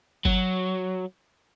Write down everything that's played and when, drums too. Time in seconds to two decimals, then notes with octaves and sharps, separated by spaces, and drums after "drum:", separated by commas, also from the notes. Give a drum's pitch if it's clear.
0.25 F#3, drum: kick G1